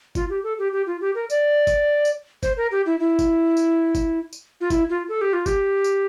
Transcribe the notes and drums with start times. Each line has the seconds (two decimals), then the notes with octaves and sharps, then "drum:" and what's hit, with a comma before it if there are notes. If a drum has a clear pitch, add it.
0.15 F4, drum: kick G1, tambourine
0.30 G4
0.44 A4
0.59 G4
0.72 G4
0.87 F4
1.01 G4
1.15 A#4
1.30 D5, drum: tambourine
1.67 drum: kick G1, tambourine
2.05 drum: tambourine
2.43 C5, drum: kick G1, tambourine
2.57 A#4
2.72 G4
2.86 E4
3.00 E4
3.19 drum: kick G1, tambourine
3.57 drum: tambourine
3.95 drum: kick G1, tambourine
4.33 drum: tambourine
4.61 F4
4.70 E4, drum: kick G1, tambourine
4.90 F4
5.09 A4
5.21 G4
5.33 F4
5.46 G4, drum: kick G1, tambourine
5.84 drum: tambourine